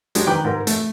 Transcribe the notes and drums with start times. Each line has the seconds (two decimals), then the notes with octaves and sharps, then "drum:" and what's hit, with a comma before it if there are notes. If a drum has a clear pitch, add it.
0.15 F#3 G#3 D4 G4, drum: hi-hat
0.27 D#3 B4 G5 A#5 D6 F#6
0.45 G#2 A#4
0.67 A3, drum: hi-hat